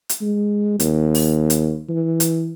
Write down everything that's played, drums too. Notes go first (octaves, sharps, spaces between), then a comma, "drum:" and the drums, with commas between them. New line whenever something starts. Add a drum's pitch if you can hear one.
drum: hi-hat
G#3
D#2, drum: hi-hat
drum: open hi-hat
drum: hi-hat
E3
drum: hi-hat